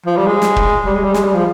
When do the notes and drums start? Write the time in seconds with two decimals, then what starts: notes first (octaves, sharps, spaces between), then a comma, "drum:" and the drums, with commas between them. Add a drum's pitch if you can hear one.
0.06 F3
0.17 G3
0.27 G#3
0.42 drum: snare
0.56 drum: kick
0.86 G3
0.95 G#3
1.04 G3
1.14 G#3, drum: snare
1.24 G3
1.34 F3